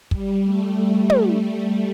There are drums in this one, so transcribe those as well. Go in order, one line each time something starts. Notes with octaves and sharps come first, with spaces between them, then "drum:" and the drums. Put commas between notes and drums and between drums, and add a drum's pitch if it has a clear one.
G3, drum: kick
A3
drum: tom